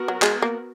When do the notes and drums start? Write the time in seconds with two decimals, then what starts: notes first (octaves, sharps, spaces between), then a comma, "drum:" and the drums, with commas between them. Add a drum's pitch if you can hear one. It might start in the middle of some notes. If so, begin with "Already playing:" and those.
Already playing: B3 F#4 A#4
0.08 F#3
0.22 G#3, drum: clap
0.42 A#3